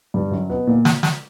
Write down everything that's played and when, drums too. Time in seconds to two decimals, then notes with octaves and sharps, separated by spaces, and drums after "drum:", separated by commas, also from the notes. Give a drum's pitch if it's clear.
0.14 G2 G3
0.31 F#2 F#3
0.49 B2 B3
0.67 A#2 A#3
0.85 drum: snare
1.03 drum: snare